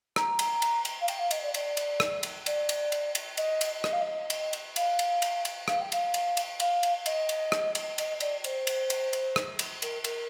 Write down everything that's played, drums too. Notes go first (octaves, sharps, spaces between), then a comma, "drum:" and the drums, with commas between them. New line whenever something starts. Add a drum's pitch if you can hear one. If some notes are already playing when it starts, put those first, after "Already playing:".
A#5, drum: rim click
drum: cymbal
drum: cymbal
drum: cymbal
F5
G5, drum: cymbal
F5
D#5, drum: cymbal
D5
D5, drum: cymbal
drum: cymbal
drum: rim click
drum: cymbal
D5, drum: cymbal
drum: cymbal
drum: cymbal
drum: cymbal
D#5, drum: cymbal
drum: cymbal
D#5, drum: rim click
F5
D#5
drum: cymbal
drum: cymbal
F5, drum: cymbal
drum: cymbal
drum: cymbal
drum: cymbal
F5, drum: rim click
G5
F5, drum: cymbal
drum: cymbal
drum: cymbal
F5, drum: cymbal
drum: cymbal
D#5, drum: cymbal
drum: cymbal
drum: rim click
drum: cymbal
D#5, drum: cymbal
D5, drum: cymbal
C5, drum: cymbal
drum: cymbal
drum: cymbal
drum: cymbal
drum: rim click
drum: cymbal
A#4, drum: cymbal
A#4, drum: cymbal